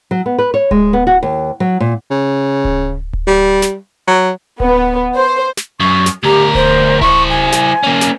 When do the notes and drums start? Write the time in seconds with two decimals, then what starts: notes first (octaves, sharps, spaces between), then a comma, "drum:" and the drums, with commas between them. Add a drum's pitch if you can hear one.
0.11 F#3
0.26 B3
0.39 B4
0.54 C#5
0.71 G#3, drum: kick D1
0.93 B3
1.07 F#4
1.23 D#2
1.60 F#3
1.80 A#2
2.11 C#3
2.65 drum: kick D1
3.13 drum: kick D1
3.27 G3
3.62 drum: snare
4.08 F#3
4.60 B3, drum: kick D1
5.15 C5
5.57 drum: snare
5.80 F#2 C#6
6.06 drum: snare
6.24 D2 G4 A#4
6.55 C5, drum: kick D1
7.01 E4 C5 C#6, drum: kick D1
7.30 G#5
7.52 drum: snare
7.83 A#3 C#4
8.01 drum: snare